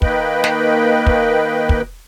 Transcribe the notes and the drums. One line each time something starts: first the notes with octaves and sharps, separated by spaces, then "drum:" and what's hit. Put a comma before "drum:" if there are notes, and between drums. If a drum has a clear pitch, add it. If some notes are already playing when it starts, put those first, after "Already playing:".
D#3 A#3 B4 D#5 G5 B5, drum: kick
drum: snare
drum: kick
drum: kick